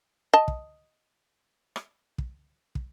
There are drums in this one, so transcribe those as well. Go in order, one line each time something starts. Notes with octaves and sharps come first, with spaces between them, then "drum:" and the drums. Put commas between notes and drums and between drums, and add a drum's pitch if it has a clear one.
D#5 A5
drum: kick
drum: rim click
drum: kick
drum: kick